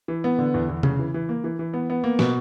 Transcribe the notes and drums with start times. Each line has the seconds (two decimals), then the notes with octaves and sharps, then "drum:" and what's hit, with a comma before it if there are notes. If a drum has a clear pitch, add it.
0.08 E3
0.24 B3
0.39 D3
0.54 E2
0.69 E2
0.83 C#3, drum: tom
0.99 E3
1.14 E3
1.29 A#3
1.44 E3
1.59 E3
1.74 B3
1.90 B3
2.04 A#3
2.19 B2, drum: snare